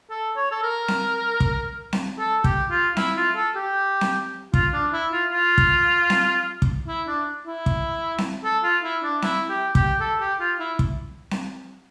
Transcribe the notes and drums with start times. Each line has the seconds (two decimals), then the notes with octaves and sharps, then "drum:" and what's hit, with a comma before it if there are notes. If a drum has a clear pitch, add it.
0.10 A4
0.36 C#5
0.51 A4
0.62 A#4
0.88 drum: snare C4
1.40 drum: kick
1.93 drum: snare C4
2.19 A4
2.44 G4, drum: kick
2.70 F4
2.97 E4, drum: snare C4
3.17 F4
3.36 A4
3.56 G4
4.01 drum: snare C4
4.54 F4, drum: kick
4.73 D4
4.93 E4
5.12 F4
5.32 F4
5.58 drum: kick
6.10 drum: snare C4
6.62 drum: kick
6.88 E4
7.07 D4
7.47 E4
7.66 drum: kick
8.18 drum: snare C4
8.44 A4
8.63 F4
8.83 E4
9.03 D4
9.22 E4, drum: snare C4
9.49 G4
9.75 G4, drum: kick
10.00 A4
10.20 G4
10.40 F4
10.59 E4
10.79 drum: kick
11.31 drum: snare C4